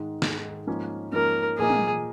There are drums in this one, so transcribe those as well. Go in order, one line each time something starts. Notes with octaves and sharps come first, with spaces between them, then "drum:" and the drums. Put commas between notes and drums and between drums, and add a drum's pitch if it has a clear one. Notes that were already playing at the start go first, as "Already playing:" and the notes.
Already playing: G#2 D#3 G#3
G#2 D#3 G#3, drum: snare
G#2 F3 A#3 C#4
G#2 F3 A#3 C#4 A#4
A#2 F3 A#3 D#4 G#4
drum: tom